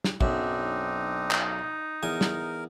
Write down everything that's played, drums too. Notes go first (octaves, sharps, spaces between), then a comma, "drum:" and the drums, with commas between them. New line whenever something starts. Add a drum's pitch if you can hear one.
drum: snare
B1 F#2 C4 D4 D#4, drum: kick
drum: clap
E2 A#4 G#5
drum: snare